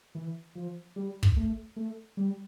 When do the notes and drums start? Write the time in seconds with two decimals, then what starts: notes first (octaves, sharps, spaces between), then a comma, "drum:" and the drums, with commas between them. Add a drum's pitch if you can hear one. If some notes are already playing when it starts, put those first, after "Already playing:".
0.15 E3
0.55 F3
0.96 G3
1.23 drum: kick
1.36 A3
1.76 A3
2.17 G3